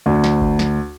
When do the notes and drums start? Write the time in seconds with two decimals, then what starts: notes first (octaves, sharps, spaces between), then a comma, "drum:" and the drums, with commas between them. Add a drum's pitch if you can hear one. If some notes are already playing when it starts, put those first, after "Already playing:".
0.06 D2
0.24 drum: snare
0.41 drum: kick G1
0.59 drum: snare